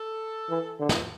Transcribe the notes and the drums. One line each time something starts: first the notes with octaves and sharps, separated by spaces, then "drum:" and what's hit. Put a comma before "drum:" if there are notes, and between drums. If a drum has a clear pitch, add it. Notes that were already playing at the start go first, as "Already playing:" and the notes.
Already playing: A4
E3
D3
drum: snare